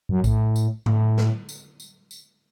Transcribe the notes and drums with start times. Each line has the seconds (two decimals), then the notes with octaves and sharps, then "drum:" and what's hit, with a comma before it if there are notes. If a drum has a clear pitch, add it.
0.09 F#2
0.24 A2, drum: kick A#1, tambourine
0.56 drum: tambourine
0.86 A2, drum: tom
1.18 drum: snare
1.49 drum: tambourine
1.80 drum: tambourine
2.11 drum: tambourine